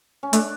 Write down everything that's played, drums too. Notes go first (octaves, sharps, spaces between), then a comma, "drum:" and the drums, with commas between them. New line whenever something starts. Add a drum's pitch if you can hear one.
C#4
A3 D4, drum: hi-hat